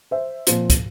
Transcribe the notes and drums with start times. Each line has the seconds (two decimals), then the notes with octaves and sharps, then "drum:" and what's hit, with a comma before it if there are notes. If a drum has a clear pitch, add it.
0.11 C5 E5
0.47 A#2 F3 C4 F4, drum: hi-hat
0.70 drum: kick, hi-hat